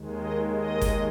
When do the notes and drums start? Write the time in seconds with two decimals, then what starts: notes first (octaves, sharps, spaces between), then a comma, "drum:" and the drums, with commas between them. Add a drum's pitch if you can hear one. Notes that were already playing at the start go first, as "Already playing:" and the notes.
Already playing: D#2 D#3 G#3
0.22 D#5
0.57 D#5
0.81 drum: kick G1, hi-hat